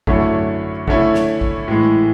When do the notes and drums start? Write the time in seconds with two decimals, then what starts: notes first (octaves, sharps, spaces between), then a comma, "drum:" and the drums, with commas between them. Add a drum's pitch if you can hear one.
0.07 F#2 D3 A3 C#4 E4, drum: kick G#1
0.88 D3 A3 C#4 E4, drum: kick G#1
1.14 drum: snare
1.41 drum: kick G#1
1.68 A2 E3 G#3